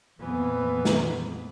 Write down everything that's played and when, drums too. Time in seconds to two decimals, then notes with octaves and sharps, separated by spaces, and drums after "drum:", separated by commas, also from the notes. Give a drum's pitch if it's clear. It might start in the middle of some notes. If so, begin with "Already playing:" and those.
0.19 F2 A#2 E3 B3
0.85 drum: snare